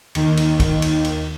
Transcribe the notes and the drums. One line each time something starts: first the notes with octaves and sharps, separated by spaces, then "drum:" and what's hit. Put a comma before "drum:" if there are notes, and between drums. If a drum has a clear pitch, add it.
D#2 D#3, drum: cymbal
drum: cymbal
drum: kick, cymbal
drum: cymbal
drum: cymbal